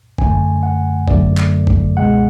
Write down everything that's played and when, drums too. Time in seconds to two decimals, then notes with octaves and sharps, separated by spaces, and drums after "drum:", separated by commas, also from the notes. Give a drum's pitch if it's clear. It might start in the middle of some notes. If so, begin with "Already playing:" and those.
0.18 F#2 D3 A3 G#5, drum: kick F#1
0.63 F#5
1.08 G#1 F#2 D3 F#3 A3 D5, drum: kick F#1
1.37 drum: clap
1.67 drum: kick F#1
1.97 C#2 B2 G#3 F#5